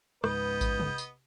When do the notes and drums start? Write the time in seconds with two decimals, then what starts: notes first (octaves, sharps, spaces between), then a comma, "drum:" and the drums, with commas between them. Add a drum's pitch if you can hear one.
0.24 C#2 G#2 B3 B4 D#5 G6, drum: rim click
0.61 drum: kick A1, tambourine
0.80 drum: tom
0.98 drum: tambourine